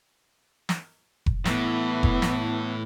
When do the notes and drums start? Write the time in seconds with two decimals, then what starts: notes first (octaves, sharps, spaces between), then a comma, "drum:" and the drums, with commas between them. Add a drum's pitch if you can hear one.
0.69 drum: snare
1.26 drum: kick F1
1.45 A2 E3 B3, drum: snare
2.03 drum: kick F1
2.22 drum: snare